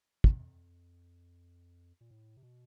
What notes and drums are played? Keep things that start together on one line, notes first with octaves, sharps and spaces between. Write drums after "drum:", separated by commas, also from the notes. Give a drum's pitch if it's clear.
F2, drum: kick
A#2
A2
C3
B2